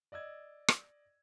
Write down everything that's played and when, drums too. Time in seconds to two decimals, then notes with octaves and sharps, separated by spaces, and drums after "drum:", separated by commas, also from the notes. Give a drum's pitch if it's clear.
0.12 D5 D#5 E6 G#6
0.68 drum: rim click